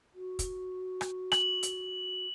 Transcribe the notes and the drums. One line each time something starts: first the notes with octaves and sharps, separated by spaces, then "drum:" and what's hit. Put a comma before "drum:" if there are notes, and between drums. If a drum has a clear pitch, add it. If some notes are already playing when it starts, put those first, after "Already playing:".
F#4
drum: kick, hi-hat
drum: rim click
F#7, drum: rim click
drum: hi-hat